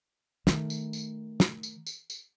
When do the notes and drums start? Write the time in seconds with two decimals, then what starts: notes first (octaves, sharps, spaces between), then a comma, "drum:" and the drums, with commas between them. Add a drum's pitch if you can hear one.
0.47 D#3 A3, drum: snare
0.70 drum: tambourine
0.93 drum: tambourine
1.40 drum: snare
1.63 drum: tambourine
1.86 drum: tambourine
2.10 drum: tambourine